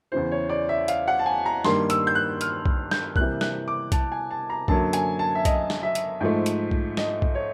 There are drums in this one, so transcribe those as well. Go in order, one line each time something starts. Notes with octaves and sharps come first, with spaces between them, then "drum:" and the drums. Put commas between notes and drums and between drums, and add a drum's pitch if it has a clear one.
E2 C#3 E3 C5
C#5
D5
E5
F5, drum: hi-hat
F#5
A5
G#5
A#5
G2 D#3 G3 A#3 C6, drum: snare
E6, drum: hi-hat
G6
F#6
F6, drum: hi-hat
drum: kick B1
G6, drum: snare
C3 E3 G3 A#3 F#6, drum: kick B1
F#6, drum: snare
D6
A5, drum: kick B1, hi-hat
G#5
A5
A#5
F#2 D3 F#3 A#3 A5, drum: kick B1
G#5, drum: hi-hat
A5
E5
D#5, drum: kick B1, hi-hat
drum: snare
E5
drum: hi-hat
G#2 F3 A3
drum: hi-hat
drum: kick B1
D#5, drum: snare
drum: kick B1
C#5